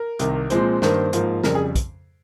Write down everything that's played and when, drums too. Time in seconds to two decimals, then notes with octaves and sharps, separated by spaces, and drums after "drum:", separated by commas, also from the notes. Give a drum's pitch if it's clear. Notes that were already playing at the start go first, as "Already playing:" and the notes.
Already playing: A#4
0.19 C2 C3 D#3, drum: hi-hat
0.50 A#2 F3 G#3 C4 C5, drum: hi-hat
0.82 G2 D#3 A#3 C5, drum: snare
1.13 G#2 F3 A#3, drum: hi-hat
1.44 F2 C#3 G3 A#4, drum: snare
1.55 G#4
1.75 drum: kick, hi-hat